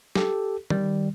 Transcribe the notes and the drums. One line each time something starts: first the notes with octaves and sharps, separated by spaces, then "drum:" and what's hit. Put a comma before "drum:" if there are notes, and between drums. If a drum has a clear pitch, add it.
G4 A4, drum: snare
D#3 G3, drum: tom D#3